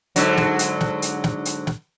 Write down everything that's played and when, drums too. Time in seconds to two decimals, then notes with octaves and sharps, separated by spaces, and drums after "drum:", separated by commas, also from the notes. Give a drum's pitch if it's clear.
0.16 G#2 D3 F#3, drum: hi-hat
0.37 drum: snare
0.59 drum: hi-hat
0.81 drum: snare
1.02 drum: hi-hat
1.24 drum: snare
1.45 drum: hi-hat
1.67 drum: snare